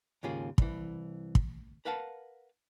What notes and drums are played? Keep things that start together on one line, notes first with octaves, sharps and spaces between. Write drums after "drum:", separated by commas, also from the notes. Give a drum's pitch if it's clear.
D#2 G#2 C#3 A#3 F4 G#4
C2 E3, drum: kick
drum: kick
A#4 B4 F5 F#5 A5